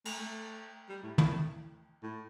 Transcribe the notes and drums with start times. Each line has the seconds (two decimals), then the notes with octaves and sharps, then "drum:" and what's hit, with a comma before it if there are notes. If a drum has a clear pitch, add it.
0.05 A3, drum: cymbal
0.19 A3
0.89 G3
1.03 A2
1.18 A2, drum: tom
2.03 A2